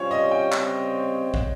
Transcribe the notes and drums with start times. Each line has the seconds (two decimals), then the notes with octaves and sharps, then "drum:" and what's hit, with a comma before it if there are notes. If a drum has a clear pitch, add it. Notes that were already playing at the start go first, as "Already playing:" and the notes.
Already playing: C3 G3 C#4 F4 C5 C#5
0.11 D#5
0.31 G5
0.52 C#3 G3 C4, drum: clap
1.34 drum: kick